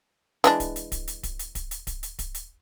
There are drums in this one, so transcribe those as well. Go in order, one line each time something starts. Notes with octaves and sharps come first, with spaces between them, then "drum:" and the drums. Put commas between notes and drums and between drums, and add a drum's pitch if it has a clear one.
E3 G#3 D4, drum: hi-hat
drum: kick D1, hi-hat
drum: hi-hat
drum: kick D1, hi-hat
drum: hi-hat
drum: kick D1, hi-hat
drum: hi-hat
drum: kick D1, hi-hat
drum: hi-hat
drum: kick D1, hi-hat
drum: hi-hat
drum: kick D1, hi-hat
drum: hi-hat